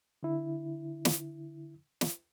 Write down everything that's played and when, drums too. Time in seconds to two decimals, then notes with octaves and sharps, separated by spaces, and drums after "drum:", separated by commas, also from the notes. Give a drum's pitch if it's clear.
0.23 D3 E4
1.05 drum: snare
2.01 drum: snare